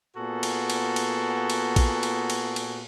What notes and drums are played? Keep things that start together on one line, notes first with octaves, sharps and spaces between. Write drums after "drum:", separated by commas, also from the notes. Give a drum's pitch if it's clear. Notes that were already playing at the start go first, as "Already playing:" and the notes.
A#2 B3 F#4 G#4 A4
drum: cymbal
drum: cymbal
drum: cymbal
drum: cymbal
drum: kick A#1, cymbal
drum: cymbal
drum: cymbal
drum: cymbal